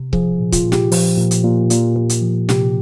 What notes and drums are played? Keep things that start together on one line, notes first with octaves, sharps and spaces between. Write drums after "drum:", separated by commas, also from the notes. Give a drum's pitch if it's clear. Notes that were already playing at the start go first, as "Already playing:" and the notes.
Already playing: C3
F3 G#4, drum: kick C#1
A#2
F4, drum: kick C#1, hi-hat
A#2
G4, drum: snare
F3, drum: open hi-hat
A#2
drum: hi-hat
A#2
A#2, drum: hi-hat
A#2
drum: hi-hat
F3
C3 G4, drum: snare